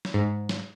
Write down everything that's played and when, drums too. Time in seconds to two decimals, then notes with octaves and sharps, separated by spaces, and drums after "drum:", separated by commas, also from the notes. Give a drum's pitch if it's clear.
0.05 drum: snare
0.14 G#2
0.49 drum: snare